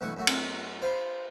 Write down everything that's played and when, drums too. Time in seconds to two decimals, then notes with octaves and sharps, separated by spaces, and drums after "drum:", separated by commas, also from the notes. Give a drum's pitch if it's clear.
0.01 B1 G2 E3 A3 F#5 C#6
0.17 F#2 A3 F#4
0.27 drum: cymbal
0.82 C5 F5 B5